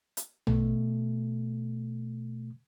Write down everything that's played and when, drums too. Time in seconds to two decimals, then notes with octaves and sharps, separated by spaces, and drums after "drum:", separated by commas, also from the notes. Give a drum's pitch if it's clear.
0.17 drum: hi-hat
0.47 B2 A3, drum: tom A#1